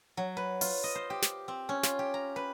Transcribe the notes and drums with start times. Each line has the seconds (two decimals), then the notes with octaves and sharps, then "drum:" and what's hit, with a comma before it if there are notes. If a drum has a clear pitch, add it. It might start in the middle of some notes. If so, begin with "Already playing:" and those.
0.17 F#3
0.37 B4
0.61 F4, drum: open hi-hat
0.84 D#5
0.95 C5
1.10 G4
1.22 drum: snare
1.48 C4
1.69 C#4
1.83 F4, drum: snare
1.99 G4
2.14 A#5
2.36 B4